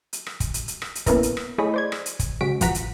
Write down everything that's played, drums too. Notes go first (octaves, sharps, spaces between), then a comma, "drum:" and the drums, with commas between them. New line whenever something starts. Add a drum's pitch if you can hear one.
drum: hi-hat
drum: rim click
drum: kick, hi-hat
drum: hi-hat
drum: hi-hat
drum: rim click
drum: hi-hat
A#3 B3 C#4 E4 A#4 B4, drum: kick, hi-hat
drum: hi-hat
drum: rim click
A3 E4 G#4 C#5 D#5 B5
C5 D5 G#6
drum: rim click
drum: hi-hat
drum: kick, hi-hat
C#3 G#3 F#4 B6 D7
A1 F3 F#5 A#5 B6, drum: kick, hi-hat
drum: hi-hat